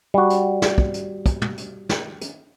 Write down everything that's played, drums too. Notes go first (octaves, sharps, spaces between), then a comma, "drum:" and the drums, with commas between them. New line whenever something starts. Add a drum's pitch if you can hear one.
G3 F#4
drum: hi-hat
drum: snare
drum: kick
drum: hi-hat
drum: kick, hi-hat
drum: tom
drum: hi-hat
drum: snare
drum: hi-hat